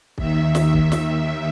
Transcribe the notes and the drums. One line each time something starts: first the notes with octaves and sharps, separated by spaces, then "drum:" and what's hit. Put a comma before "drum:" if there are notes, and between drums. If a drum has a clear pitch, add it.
D#2 D#3 E5, drum: kick
drum: snare
drum: kick
drum: snare